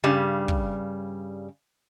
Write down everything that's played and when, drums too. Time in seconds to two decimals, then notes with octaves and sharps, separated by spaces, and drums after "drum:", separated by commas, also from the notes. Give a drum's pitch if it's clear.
0.04 G2 C#3 G3
0.48 drum: kick